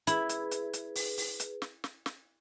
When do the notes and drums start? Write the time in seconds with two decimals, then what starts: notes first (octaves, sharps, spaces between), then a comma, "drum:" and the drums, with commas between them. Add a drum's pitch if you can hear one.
0.07 E4 G#4 B4, drum: hi-hat
0.29 drum: hi-hat
0.51 drum: hi-hat
0.73 drum: hi-hat
0.95 drum: open hi-hat
1.18 drum: open hi-hat
1.40 drum: hi-hat
1.62 drum: snare
1.84 drum: snare
2.06 drum: snare